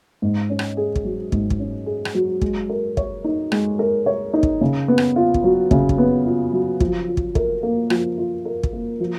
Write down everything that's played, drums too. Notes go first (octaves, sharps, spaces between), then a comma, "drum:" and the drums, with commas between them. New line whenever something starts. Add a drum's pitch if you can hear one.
G#2
C#4
drum: rim click
G#4
drum: kick
F#3
G#2, drum: kick
drum: kick
C#4
G#4
drum: rim click
F#3
G#3, drum: kick
A#4
C#5, drum: kick
D#4
G#3, drum: rim click
A#4
C#5
D#4
drum: kick
C#3
B3
drum: rim click
F4
drum: kick
F#3
C#3, drum: kick
drum: kick
B3
F4
F#3
F3, drum: kick
F4
drum: kick
A#4, drum: kick
A#3
F3, drum: rim click
F4
A#4
drum: kick
A#3
F3